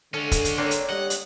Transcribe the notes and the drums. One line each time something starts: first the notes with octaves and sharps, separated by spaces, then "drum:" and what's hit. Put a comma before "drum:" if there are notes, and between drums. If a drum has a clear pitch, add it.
D3 G#3 C#4 A4
drum: kick, hi-hat
drum: hi-hat
A#3 C4 D4 C#5
drum: hi-hat
G3 D#5 F#5
drum: hi-hat